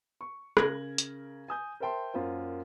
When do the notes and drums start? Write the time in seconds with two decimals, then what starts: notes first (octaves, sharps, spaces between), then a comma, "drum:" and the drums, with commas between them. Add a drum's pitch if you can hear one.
0.21 C#6
0.57 C#3 A#4 G#6 A#6 F#7, drum: rim click
0.98 drum: hi-hat
1.48 G#5 D#6 G6
1.80 A#4 C5 E5 G5 A5 C6
2.14 F#2 A#3 F4 C5